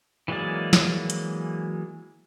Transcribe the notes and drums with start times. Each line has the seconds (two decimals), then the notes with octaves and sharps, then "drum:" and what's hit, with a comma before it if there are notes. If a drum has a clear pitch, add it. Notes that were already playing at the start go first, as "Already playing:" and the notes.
0.28 E3 F#3 G#3 A#3 D5
0.73 drum: snare
1.10 drum: hi-hat